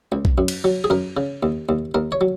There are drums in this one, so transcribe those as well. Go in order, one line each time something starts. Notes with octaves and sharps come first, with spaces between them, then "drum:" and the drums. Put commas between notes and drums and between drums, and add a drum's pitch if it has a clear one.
C#2
drum: kick A#1
F#2
drum: cymbal
F#3
G#4
F#2 A#4
C#3
D#2
D#2
D#2 A#4
C#5
F#3